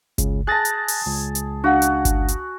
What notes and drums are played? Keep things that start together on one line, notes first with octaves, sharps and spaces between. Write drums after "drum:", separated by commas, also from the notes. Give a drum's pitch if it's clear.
C#2 C#3, drum: kick G1, hi-hat
G#4 A5 F#6 A6 A#6
drum: hi-hat
drum: open hi-hat
C#2
drum: hi-hat
D4 F#4 F5 F#5
drum: hi-hat
drum: kick G1, hi-hat
drum: hi-hat